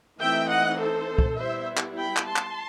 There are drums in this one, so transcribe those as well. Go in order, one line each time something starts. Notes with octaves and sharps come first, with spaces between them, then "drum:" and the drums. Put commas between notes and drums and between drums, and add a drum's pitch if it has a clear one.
E3 A3 C4 D#4 E5 G5
D#5 F#5
A4 C5
drum: kick
G3 B3 E4 C5 E5
drum: clap
G5 B5
drum: clap
A5 C6
drum: clap